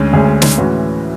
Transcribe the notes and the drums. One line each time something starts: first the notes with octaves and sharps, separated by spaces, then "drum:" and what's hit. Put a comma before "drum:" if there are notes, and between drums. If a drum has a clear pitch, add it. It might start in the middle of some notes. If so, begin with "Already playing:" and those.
Already playing: D2 D3 G#3 C#4 G#4
D2 D3 G#3 C#4 G#4
drum: snare
A2 E3 G#3 C#4 F#4